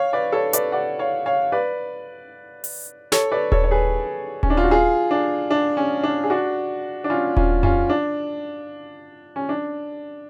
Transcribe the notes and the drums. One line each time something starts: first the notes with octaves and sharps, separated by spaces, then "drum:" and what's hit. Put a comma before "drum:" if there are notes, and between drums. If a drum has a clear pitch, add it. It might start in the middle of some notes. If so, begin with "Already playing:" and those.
Already playing: C#5 F5
B4 D5
A4 C#5
B4 D5, drum: hi-hat
D5 F#5
C#5 F5
C#5 F5
B4 D5
drum: open hi-hat
A4 C#5, drum: snare
B4 D5
A4 C#5, drum: kick D#1
C#5
G#4 B4
C#4, drum: kick D#1
D4
F4
F#4
F4 G#4
D4
D4
C#4
D4
G#4
D4 F#4
D4
C#4 F4
C#4 F4, drum: kick D#1
C#4 F4, drum: tom F2
D4
C#4
D4